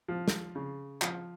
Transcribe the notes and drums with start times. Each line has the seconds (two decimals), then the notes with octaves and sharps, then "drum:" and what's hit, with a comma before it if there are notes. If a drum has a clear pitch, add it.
0.08 F3
0.28 drum: snare
0.55 C#3
1.02 F3, drum: clap